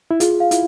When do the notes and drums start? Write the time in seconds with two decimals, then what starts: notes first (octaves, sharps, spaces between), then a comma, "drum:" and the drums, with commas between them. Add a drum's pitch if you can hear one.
0.11 E4
0.20 F4 G#4, drum: hi-hat
0.40 F5
0.51 E4, drum: hi-hat